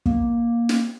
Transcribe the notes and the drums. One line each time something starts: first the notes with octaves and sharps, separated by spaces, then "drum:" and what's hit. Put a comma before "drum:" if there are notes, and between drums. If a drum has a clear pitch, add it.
A#3, drum: kick
drum: snare